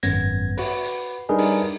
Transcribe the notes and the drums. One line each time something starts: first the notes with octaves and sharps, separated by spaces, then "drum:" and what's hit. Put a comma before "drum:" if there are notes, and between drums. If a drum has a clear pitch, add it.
G#1 F#2 B3 G#6 A#6, drum: hi-hat
F#4 B4, drum: open hi-hat
drum: hi-hat
G3 D4 D#4 G#4 A#4 B4
drum: open hi-hat